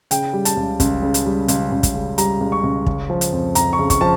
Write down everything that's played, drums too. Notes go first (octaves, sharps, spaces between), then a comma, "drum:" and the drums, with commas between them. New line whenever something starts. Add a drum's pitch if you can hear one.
C#3 G5, drum: hi-hat
G3
A5, drum: hi-hat
C#2
C#2, drum: kick, hi-hat
C#3
drum: hi-hat
G3
C#2, drum: hi-hat
C#2
drum: kick, hi-hat
C#3
G3 A#5, drum: hi-hat
C#2
C#6
C#2
C#3, drum: kick
F3
drum: hi-hat
F2
F2 A#5, drum: hi-hat
C#6
C#3
C#6, drum: kick, hi-hat
F3 A5